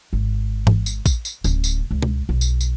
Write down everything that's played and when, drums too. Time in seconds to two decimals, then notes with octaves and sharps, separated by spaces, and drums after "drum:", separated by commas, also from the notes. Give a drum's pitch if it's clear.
0.13 G#1
0.67 drum: tom G#2
0.86 drum: tambourine
1.06 drum: kick A#1, tambourine
1.25 drum: tambourine
1.44 D1 C#4, drum: tambourine
1.64 drum: tambourine
1.91 C#2
2.02 drum: tom B2
2.29 B1
2.41 drum: tambourine
2.61 drum: tambourine